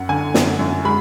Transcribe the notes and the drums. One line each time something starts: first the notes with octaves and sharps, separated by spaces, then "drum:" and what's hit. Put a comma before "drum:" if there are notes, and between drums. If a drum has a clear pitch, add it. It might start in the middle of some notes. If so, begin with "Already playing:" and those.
Already playing: F#2 F#5
D3 G#5
F#2, drum: snare
F#2
G#3 B5